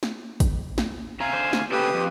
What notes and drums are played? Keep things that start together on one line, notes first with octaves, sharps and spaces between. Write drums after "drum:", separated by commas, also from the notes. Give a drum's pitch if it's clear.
drum: snare
drum: kick, hi-hat
drum: snare
C3 F5 G#5 A#5
D3 C5
drum: snare
C#3 G4 A4 B4 G5 D#6
F2